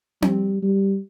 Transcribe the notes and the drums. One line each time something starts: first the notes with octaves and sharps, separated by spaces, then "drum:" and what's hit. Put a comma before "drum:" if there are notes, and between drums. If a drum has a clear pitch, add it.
G3, drum: tom C4
G3